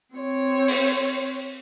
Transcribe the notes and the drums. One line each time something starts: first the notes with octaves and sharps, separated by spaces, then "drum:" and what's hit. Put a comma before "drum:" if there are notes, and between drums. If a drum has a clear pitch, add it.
C4 C#5
drum: open hi-hat